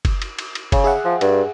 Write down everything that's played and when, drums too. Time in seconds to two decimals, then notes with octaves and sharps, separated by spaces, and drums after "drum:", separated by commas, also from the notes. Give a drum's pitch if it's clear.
0.05 drum: kick F#1, cymbal
0.22 drum: cymbal
0.39 drum: cymbal
0.55 drum: cymbal
0.72 C#3, drum: kick F#1, cymbal
0.84 G#4 E5 F#5
1.05 F3
1.21 G2, drum: cymbal